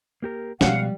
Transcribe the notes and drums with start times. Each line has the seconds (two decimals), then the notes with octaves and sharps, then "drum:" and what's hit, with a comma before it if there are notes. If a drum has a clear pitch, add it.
0.22 A#3 G4 A#4
0.61 B2 F3 G3 G#3 F5 F#5, drum: snare